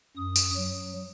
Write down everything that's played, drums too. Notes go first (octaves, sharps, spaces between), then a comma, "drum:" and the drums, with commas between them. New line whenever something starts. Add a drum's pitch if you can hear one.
F#2 D#6
drum: tambourine
F#3